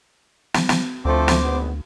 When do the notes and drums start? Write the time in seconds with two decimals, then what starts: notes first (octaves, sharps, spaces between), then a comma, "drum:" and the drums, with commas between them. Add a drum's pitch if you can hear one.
0.54 drum: snare
0.69 drum: snare
1.05 D2 F3 A3 C4 C5 D6
1.28 drum: snare
1.43 G#1 B3